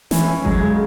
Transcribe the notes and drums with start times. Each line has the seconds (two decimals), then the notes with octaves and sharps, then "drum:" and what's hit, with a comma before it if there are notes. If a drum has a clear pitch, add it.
0.11 E3 C#4, drum: snare
0.27 C#4
0.45 F#3 G#3, drum: kick G1
0.62 C#3